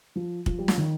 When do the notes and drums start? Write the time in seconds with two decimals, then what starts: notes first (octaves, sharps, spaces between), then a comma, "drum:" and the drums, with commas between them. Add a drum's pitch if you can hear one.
0.16 F3
0.46 F3, drum: kick
0.58 G3
0.68 F3, drum: snare
0.77 D#3